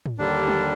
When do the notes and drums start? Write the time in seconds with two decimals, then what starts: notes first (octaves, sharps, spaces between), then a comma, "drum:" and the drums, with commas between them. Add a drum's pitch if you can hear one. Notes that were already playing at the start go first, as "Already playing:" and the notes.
0.06 drum: tom
0.18 D#2 D3 G3 D4
0.48 drum: tom